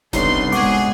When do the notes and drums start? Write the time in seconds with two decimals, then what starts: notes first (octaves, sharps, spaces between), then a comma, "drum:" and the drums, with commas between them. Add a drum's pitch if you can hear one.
0.13 C2 G3 B3 D4 D#4 A4 C#5 C6, drum: snare E1
0.52 G#2 B2 G#4 F#5 C#6 D6, drum: open hi-hat